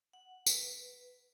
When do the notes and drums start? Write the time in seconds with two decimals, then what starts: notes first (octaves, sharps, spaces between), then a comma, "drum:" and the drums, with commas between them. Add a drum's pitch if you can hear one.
0.13 F#5
0.46 B4, drum: tambourine